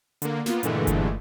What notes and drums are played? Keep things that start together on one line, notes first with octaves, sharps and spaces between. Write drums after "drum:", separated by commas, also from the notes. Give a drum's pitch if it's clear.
D3 A#3, drum: hi-hat
A#3 B3 F4, drum: snare
G2 A#2 D3 E3 G#3 A3, drum: hi-hat
drum: kick F#1, hi-hat